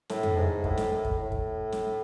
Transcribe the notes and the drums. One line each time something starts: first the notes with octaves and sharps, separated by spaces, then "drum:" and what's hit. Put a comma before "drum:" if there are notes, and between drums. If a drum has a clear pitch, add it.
A2, drum: snare
drum: tom F2
G#2
A2, drum: kick
drum: snare
A2
drum: kick
A2
drum: kick
drum: snare